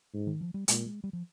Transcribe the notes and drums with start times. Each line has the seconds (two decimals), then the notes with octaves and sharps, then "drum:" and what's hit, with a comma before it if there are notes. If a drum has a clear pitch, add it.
0.13 G#2
0.27 D#3
0.41 F3
0.54 G3
0.68 A#2 G#3, drum: hi-hat
0.86 G#3
1.04 G3
1.13 F3